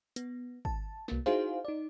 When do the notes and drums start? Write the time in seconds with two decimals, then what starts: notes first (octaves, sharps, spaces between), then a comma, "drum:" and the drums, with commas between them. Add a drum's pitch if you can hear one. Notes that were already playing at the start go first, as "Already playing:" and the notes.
0.16 B3, drum: hi-hat
0.65 A5, drum: kick
1.08 C2 A#3, drum: snare
1.26 D#4 E4 F#4 G#4 C5 F5, drum: snare
1.65 D#4 D5